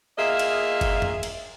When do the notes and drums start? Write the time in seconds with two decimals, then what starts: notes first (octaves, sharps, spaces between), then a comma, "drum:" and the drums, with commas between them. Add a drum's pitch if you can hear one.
0.18 A#3 F4 G#4 D#5 E5
0.39 drum: cymbal
0.81 drum: kick F#1, cymbal
1.02 drum: tom F2
1.23 drum: cymbal